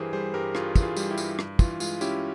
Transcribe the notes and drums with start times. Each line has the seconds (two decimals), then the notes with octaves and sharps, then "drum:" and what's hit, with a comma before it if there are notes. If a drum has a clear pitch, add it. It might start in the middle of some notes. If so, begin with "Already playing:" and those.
Already playing: G2 E3 G4 G#4 A#4 C5
0.13 G3 G#4 C5
0.34 G2 G4 A#4
0.55 G2 F4 G#4, drum: rim click
0.76 E3, drum: kick, tambourine
0.82 F4 G#4
0.97 G3, drum: tambourine
1.11 E4 G4
1.18 G2, drum: tambourine
1.39 G2, drum: rim click
1.59 E3 F4, drum: kick, tambourine
1.80 G#3 F4, drum: tambourine
2.01 C#4 E4 G4, drum: tambourine